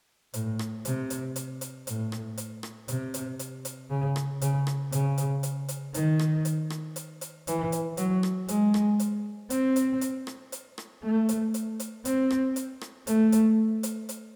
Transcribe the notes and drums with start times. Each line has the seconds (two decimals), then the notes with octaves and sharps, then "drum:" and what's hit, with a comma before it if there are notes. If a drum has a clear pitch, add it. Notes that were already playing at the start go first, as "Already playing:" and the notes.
0.34 A2, drum: hi-hat
0.59 drum: rim click
0.85 C3, drum: hi-hat
1.10 drum: hi-hat
1.36 drum: hi-hat
1.61 drum: hi-hat
1.87 A2, drum: hi-hat
2.12 drum: rim click
2.38 drum: hi-hat
2.63 drum: rim click
2.88 C3, drum: hi-hat
3.14 drum: hi-hat
3.39 drum: hi-hat
3.65 drum: hi-hat
3.90 C#3
4.16 drum: rim click
4.42 C#3, drum: hi-hat
4.67 drum: rim click
4.92 C#3, drum: hi-hat
5.18 drum: hi-hat
5.43 drum: hi-hat
5.68 drum: hi-hat
5.94 D#3, drum: hi-hat
6.19 drum: rim click
6.45 drum: hi-hat
6.70 drum: rim click
6.96 drum: hi-hat
7.21 drum: hi-hat
7.47 E3, drum: hi-hat
7.72 drum: hi-hat
7.97 F#3, drum: hi-hat
8.23 drum: rim click
8.48 G#3, drum: hi-hat
8.74 drum: rim click
8.99 drum: hi-hat
9.50 C4, drum: hi-hat
9.76 drum: hi-hat
10.01 drum: hi-hat
10.27 drum: rim click
10.52 drum: hi-hat
10.78 drum: rim click
11.03 A3
11.29 drum: hi-hat
11.54 drum: hi-hat
11.80 drum: hi-hat
12.05 C4, drum: hi-hat
12.30 drum: rim click
12.56 drum: hi-hat
12.81 drum: rim click
13.07 A3, drum: hi-hat
13.32 drum: hi-hat
13.83 drum: hi-hat
14.09 drum: hi-hat